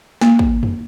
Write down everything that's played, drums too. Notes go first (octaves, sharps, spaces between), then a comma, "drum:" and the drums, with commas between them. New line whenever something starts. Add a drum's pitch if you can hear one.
A#3, drum: snare
drum: kick
drum: tom